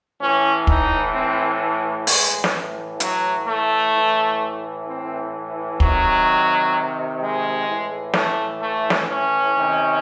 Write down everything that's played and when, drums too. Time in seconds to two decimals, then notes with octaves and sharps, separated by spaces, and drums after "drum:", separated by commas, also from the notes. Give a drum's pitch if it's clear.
0.20 A2 E3 C#4
0.67 D#4, drum: kick
1.14 C4
1.60 A3
2.07 A2 E3 G#3, drum: open hi-hat
2.44 drum: snare
3.00 F#3, drum: hi-hat
3.47 A3
3.93 A2 E3
4.87 C4
5.80 C3 D#3 F#3, drum: kick
7.20 G#3
7.67 A2 E3
8.14 A3, drum: snare
8.60 A3
8.90 drum: snare
9.07 C#4
9.54 C3 D#3